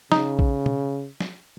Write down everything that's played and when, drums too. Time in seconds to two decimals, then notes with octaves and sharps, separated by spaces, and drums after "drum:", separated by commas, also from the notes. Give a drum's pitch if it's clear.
0.12 C#3 D#4, drum: snare
0.39 drum: kick A#1
0.66 drum: tom
1.20 drum: snare